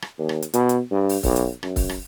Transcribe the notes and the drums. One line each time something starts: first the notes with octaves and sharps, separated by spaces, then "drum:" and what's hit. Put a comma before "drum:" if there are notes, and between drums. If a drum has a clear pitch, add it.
drum: rim click
D#2
drum: rim click
drum: hi-hat
B2, drum: hi-hat
drum: hi-hat
G2
drum: open hi-hat
B1, drum: kick, open hi-hat
drum: hi-hat
F#2, drum: rim click
drum: kick, open hi-hat
drum: rim click